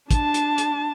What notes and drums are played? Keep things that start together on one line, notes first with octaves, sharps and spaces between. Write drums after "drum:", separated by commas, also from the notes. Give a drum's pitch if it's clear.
D4 A5, drum: kick, hi-hat
drum: hi-hat
drum: hi-hat